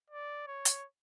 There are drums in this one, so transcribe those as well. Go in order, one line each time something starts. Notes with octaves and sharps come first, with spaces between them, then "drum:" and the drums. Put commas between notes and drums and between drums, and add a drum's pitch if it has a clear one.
D5
C#5
drum: hi-hat